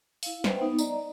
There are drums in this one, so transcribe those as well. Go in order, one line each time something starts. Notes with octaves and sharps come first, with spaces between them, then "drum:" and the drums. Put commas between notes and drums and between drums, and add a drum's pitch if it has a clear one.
E4 F5, drum: open hi-hat
B4 C5 E5 F#5 G5, drum: snare
B3 D#4
D5 D#5 A#5, drum: tambourine